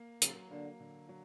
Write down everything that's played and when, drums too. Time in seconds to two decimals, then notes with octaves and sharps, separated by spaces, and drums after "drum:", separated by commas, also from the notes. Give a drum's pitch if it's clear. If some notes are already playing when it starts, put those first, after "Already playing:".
Already playing: A#3
0.22 C#3 F#3, drum: hi-hat
0.51 D3 A#3
0.80 D3
1.09 F#3